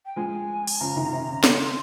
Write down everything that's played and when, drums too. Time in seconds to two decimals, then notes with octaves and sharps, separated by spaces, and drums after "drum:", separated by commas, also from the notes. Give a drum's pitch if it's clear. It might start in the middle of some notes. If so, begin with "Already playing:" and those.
0.06 G5
0.16 F3 G#3 G#5
0.67 drum: open hi-hat
0.80 C#3 F3 A#5
0.96 C3 D#3
1.13 C3
1.29 C#3
1.44 C#3 C6, drum: snare